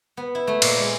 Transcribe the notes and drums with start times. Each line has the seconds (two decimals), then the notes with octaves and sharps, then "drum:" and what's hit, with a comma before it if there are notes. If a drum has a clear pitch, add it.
0.17 B3
0.35 E4
0.47 A3
0.62 A#2, drum: cymbal
0.77 G#3